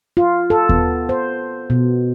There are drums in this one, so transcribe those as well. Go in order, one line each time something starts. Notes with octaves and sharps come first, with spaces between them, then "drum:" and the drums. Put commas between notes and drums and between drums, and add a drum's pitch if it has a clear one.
F4
A4
B3, drum: kick D#2
C5
B2